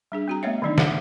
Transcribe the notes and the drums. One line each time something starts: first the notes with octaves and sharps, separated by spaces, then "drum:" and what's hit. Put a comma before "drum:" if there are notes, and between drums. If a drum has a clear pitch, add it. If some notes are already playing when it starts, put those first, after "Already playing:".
G3 D4 G#4
C4 F#4 A#5
A3 B3 C#5 D#5 E5
D3 D#3 F#3 D4 D#4
A4 C#5 F5 F#5, drum: snare